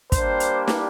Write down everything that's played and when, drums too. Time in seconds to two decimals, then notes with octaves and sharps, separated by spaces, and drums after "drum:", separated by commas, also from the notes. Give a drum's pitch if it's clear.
0.12 G3 A#3 D4 G4 C5, drum: kick, hi-hat
0.40 drum: hi-hat
0.68 drum: snare